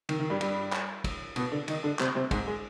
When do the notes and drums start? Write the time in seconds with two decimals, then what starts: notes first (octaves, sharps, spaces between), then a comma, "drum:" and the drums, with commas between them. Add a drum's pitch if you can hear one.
0.09 D#3, drum: cymbal
0.20 D#3
0.30 G2 G3
0.41 G2 G3, drum: cymbal
0.73 drum: clap
1.04 drum: kick, cymbal
1.36 B2 B3, drum: cymbal
1.52 D3 D4
1.68 D#3 D#4, drum: cymbal
1.83 D3 D4
1.99 C3 C4, drum: clap
2.15 C3 C4
2.31 G#2 G#3, drum: kick, cymbal
2.47 G#3